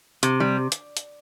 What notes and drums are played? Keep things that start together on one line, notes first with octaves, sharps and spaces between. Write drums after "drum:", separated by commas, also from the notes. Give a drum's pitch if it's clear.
C3, drum: hi-hat
G3
drum: hi-hat
drum: hi-hat